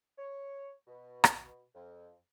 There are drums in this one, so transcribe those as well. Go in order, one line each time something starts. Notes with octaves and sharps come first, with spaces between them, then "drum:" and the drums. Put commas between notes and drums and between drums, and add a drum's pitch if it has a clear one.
C#5
B2
drum: rim click
F2